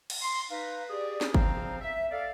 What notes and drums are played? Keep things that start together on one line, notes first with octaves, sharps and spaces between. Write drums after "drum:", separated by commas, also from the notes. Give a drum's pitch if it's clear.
drum: cymbal
C6
D#4 B4 F5
G4 G#4 D5
drum: snare
C#3 F3 C4 C5 F5 A#5, drum: kick G1
E5
A4 D5 F5